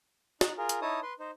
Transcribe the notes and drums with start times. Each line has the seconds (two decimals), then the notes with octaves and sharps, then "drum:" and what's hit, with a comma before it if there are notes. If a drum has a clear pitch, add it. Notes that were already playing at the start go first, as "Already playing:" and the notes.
0.41 D#4 A#5 F#6, drum: snare
0.58 F4 G#4 A#4
0.69 drum: hi-hat
0.82 D#4 E4 C#5 A5 D#6
1.03 B4 C6
1.20 D#4 C5